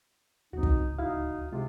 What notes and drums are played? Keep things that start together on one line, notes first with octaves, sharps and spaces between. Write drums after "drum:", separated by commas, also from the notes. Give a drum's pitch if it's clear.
D1 C#2 C4 D#4 F#4
drum: kick
D#4 E4 F#4 F5
C3 G#3 F4